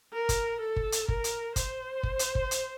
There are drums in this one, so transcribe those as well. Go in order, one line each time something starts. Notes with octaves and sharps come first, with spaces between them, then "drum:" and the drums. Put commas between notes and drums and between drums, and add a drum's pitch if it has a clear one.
A#4
drum: kick G1, hi-hat
A4
drum: kick G1
drum: hi-hat
A#4, drum: kick G1
drum: hi-hat
C5, drum: kick G1, hi-hat
drum: kick G1
drum: hi-hat
drum: kick G1
drum: hi-hat